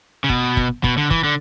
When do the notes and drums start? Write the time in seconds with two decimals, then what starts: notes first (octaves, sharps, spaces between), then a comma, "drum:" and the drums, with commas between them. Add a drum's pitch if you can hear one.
0.24 C#3
0.29 B2, drum: kick
0.57 drum: kick
0.84 B2, drum: kick
0.97 D3
1.11 E3, drum: kick
1.24 D3